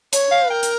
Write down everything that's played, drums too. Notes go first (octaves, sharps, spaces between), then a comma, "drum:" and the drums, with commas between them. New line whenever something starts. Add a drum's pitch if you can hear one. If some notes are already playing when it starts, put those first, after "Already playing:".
C#5, drum: hi-hat
F5
A#4 G5
drum: hi-hat